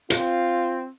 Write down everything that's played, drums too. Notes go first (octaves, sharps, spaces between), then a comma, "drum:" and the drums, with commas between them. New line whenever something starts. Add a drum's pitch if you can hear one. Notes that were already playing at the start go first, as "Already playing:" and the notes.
C4 F4, drum: hi-hat